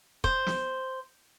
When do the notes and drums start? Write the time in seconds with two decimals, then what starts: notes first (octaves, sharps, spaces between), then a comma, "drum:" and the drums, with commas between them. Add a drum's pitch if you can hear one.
0.24 C5, drum: kick
0.47 drum: snare